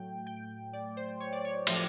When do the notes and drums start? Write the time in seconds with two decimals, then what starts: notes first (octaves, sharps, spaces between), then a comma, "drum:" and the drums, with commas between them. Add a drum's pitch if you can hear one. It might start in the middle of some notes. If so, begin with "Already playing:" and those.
Already playing: A2 F#3 A3 G5
0.27 G5
0.73 D5
0.97 C5
1.20 C#5
1.32 D5
1.45 C#5
1.67 A2 F3 A3 C5, drum: cymbal